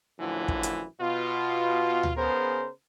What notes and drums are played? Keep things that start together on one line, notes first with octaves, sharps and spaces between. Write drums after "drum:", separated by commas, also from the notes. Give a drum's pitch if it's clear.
F#2 A2 D3 E3 F3 E4
drum: kick
drum: hi-hat
B2 F4
drum: tom D2
C#3 B3 G#4 A#4 C5